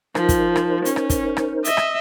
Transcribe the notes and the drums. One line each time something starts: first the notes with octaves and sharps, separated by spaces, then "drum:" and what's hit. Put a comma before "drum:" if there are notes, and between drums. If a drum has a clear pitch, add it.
F3 D#4 A#4 C5, drum: rim click
drum: kick, hi-hat
drum: rim click
C#4, drum: hi-hat
drum: rim click
drum: kick, hi-hat
drum: rim click
D#5 E5, drum: hi-hat
drum: rim click